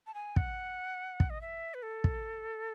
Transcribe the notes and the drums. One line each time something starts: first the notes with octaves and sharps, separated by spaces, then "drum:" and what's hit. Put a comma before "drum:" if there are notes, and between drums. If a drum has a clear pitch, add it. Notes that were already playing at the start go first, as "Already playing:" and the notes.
A5
G#5
F#5, drum: kick
drum: kick
D#5
E5
B4
A4
drum: kick